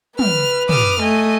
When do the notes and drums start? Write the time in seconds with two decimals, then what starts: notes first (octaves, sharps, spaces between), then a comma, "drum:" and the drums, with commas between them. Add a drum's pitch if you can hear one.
0.19 B4 F6, drum: tom
0.69 D6 D#6 F6, drum: tom
1.01 A3 D#5 G#5